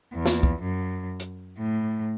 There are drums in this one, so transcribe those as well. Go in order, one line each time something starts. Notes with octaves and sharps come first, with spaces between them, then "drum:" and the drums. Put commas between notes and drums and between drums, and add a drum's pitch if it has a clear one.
E2
drum: snare
drum: kick
F#2
drum: hi-hat
A2